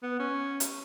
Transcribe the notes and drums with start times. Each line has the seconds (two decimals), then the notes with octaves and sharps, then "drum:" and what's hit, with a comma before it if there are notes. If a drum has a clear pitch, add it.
0.03 B3
0.20 C#4
0.60 drum: hi-hat